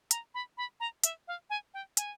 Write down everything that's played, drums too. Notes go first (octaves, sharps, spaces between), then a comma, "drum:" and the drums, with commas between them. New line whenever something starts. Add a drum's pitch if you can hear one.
A#5, drum: hi-hat
B5
B5
A#5
E5, drum: hi-hat
F5
G#5
G5
G#5, drum: hi-hat